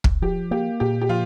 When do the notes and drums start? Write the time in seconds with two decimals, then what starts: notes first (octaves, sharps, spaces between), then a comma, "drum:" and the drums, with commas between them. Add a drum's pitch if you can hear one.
0.04 drum: kick
0.22 F3 G4
0.51 A#3 G4
0.80 A#2 G4
1.01 G4
1.09 F3 F4